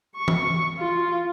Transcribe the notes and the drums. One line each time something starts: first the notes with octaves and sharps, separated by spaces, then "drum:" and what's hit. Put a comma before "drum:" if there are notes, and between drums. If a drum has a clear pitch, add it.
C#6
drum: tom E3
F4